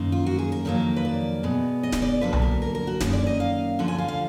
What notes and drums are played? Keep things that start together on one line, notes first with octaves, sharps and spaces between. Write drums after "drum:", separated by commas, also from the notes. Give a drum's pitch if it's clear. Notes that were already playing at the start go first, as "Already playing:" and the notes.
Already playing: F#2 D#3 A#3
F4
F#4
G#4
A#4
F2 D#3 F#3 A#3
B4
D5
B2 G#3 B3
D#5
drum: snare
D5
D2 D3 F#3 A#3 B4
drum: tom B1
A#4
A#4
A#4
F#4
F#2 D#3 A#3 G#4, drum: snare
D5
D#5
F5
D2 D3 F3 F#5
G#5
F5
F5